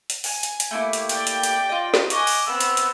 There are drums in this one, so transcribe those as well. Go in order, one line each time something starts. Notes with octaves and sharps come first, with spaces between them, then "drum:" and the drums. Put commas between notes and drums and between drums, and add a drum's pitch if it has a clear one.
drum: hi-hat
G#5, drum: open hi-hat
drum: hi-hat
drum: hi-hat
A3 A#3 E4 G4
drum: hi-hat
D5 G5, drum: hi-hat
drum: hi-hat
drum: hi-hat
F4 D#5
drum: snare
D#5 G#5 C#6 D6 F#6, drum: hi-hat
drum: open hi-hat
B3 C4 E6
drum: hi-hat
drum: hi-hat